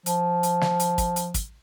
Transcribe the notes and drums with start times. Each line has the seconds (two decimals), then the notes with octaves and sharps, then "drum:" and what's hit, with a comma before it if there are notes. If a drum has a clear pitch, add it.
0.06 F3, drum: hi-hat
0.43 drum: hi-hat
0.61 drum: snare
0.80 drum: hi-hat
0.98 drum: kick, hi-hat
1.16 drum: hi-hat
1.34 drum: kick, hi-hat